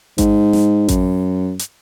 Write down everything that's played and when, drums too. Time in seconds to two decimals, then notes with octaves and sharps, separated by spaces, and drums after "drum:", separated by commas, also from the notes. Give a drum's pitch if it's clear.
0.18 G#2, drum: kick A1, hi-hat
0.53 drum: snare
0.88 F#2, drum: kick A1, hi-hat
1.59 drum: hi-hat